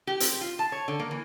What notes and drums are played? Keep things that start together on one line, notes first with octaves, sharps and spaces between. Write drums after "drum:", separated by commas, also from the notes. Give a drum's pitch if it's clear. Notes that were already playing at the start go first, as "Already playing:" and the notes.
G4
C4, drum: hi-hat
F4
A5
C#5
D3
A#3
E3